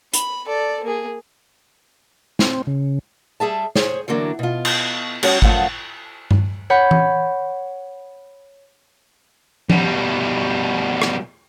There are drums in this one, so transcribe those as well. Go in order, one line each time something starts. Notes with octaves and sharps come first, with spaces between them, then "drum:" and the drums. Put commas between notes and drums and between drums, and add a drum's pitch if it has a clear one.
B5, drum: hi-hat
A4 D5
A#3 G#4
C4, drum: snare
C#3
G3 G#4 E5 A5
G#4 C5 C#5, drum: snare
D3 E3 F#3 A#3 D4
B2 F4
drum: cymbal
G3 C#4 F#4 C#5, drum: cymbal
F#2 F3 A3 F5 F#5, drum: kick G#1
drum: tom G2
C#5 F#5 B5 G6
drum: tom E3
B2 G3, drum: tom F3
drum: rim click